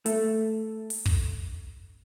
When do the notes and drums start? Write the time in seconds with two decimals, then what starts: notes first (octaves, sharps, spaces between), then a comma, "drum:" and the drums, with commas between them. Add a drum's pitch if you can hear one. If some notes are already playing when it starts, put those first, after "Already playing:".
0.06 A3, drum: hi-hat
0.90 drum: open hi-hat
1.06 drum: kick